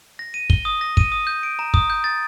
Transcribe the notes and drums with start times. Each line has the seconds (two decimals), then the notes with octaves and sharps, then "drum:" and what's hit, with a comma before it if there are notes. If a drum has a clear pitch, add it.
0.19 A#6
0.34 D#7
0.50 G7, drum: kick
0.65 D#6
0.81 A#6
0.97 D#7, drum: kick
1.12 D#6
1.27 G6
1.43 D7
1.59 A#5
1.74 D#6, drum: kick
1.90 G6
2.04 A6